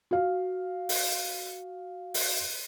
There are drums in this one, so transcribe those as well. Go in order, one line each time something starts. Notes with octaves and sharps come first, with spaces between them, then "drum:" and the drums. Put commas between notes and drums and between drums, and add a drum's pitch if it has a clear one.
F#4 F5
drum: open hi-hat
drum: open hi-hat